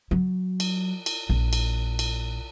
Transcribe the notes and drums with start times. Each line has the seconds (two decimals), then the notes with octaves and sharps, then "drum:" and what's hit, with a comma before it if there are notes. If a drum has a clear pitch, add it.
0.11 F#3
0.60 drum: cymbal
1.06 drum: cymbal
1.29 A#1
1.53 drum: cymbal
1.99 drum: cymbal